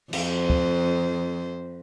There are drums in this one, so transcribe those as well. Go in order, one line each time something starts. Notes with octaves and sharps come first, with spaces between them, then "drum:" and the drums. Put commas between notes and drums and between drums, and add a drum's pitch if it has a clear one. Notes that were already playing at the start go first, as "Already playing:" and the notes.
F2 C5, drum: cymbal
drum: kick